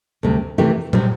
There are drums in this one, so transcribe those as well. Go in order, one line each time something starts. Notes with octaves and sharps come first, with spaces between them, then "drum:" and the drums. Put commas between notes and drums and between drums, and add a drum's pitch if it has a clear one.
D2 C3 G3
C3 E3 A3 E4 G4
C3 G3 C4, drum: tom